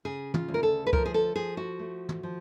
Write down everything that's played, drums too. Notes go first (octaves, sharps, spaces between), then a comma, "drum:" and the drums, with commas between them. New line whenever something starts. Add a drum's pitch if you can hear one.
C#3 G#4
F4, drum: tom
D2
A#4
A4
B4
F3 A#4, drum: kick C#2
G#4
A4
F3 G#4
F#4
A3
drum: tom
F3